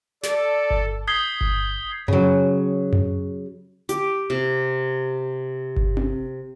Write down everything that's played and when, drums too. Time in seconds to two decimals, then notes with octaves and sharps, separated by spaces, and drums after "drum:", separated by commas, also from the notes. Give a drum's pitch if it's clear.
0.23 A4 D5, drum: snare
0.70 drum: kick G1
1.07 D#6 G6 G#6 B6 C7 G7
1.41 drum: kick G1
2.08 C#3 F#3, drum: tom F#2
2.93 drum: tom F#2
3.89 G4, drum: hi-hat
4.30 C3
5.76 drum: kick G1
5.97 drum: tom C4